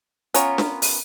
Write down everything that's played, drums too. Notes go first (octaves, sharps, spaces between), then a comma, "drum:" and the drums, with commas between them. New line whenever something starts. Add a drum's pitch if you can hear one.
B3 C#4 F4 A#4 C#5, drum: hi-hat
drum: snare D4
drum: open hi-hat